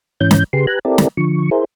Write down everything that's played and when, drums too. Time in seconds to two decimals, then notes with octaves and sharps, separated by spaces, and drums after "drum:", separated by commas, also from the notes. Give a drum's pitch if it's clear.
0.21 G#2 E3 C#4 G6
0.31 drum: snare
0.53 C#3 G4 G#4 B4 C6
0.67 G4 B4 G#5 A#5 F#6
0.85 C4 E4 G4 A4 A#4 D5
0.98 drum: snare
1.17 D3 F3 C#6
1.51 E4 G#4 A#4 C5